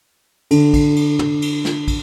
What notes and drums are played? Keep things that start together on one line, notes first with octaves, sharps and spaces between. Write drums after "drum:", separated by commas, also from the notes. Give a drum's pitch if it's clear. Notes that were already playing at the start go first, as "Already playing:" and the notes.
D3, drum: cymbal
drum: kick, cymbal
drum: cymbal
drum: tom
drum: cymbal
drum: snare
drum: kick, cymbal